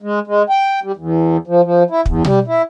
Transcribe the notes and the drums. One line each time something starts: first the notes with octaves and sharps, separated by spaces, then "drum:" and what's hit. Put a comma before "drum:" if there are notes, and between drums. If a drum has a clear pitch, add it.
G#3
G#3
G5
G3
E2
F3
F3
E4
E2, drum: kick
G3, drum: tom B2
E4